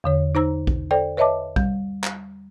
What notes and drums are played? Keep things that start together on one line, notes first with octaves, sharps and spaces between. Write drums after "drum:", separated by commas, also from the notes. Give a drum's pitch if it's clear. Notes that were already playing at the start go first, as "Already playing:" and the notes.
E2 D3 C#5
D#4 C5 A#5 E6
drum: kick
A4 C5 D5 G5
B4 C#5 D#5 E5 A5 D6
G3, drum: kick
drum: clap